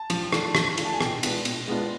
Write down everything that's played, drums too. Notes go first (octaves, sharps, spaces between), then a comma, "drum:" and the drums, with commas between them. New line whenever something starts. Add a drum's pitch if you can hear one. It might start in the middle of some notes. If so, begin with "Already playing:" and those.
Already playing: A5
F3, drum: cymbal
A3 D4 F4, drum: rim click
F3, drum: rim click
A3 D4 F4, drum: cymbal
A5
G#5
B2 G5, drum: rim click
G#3 B3 D4 F4, drum: cymbal
B2, drum: cymbal
G#3 B3 D4 F4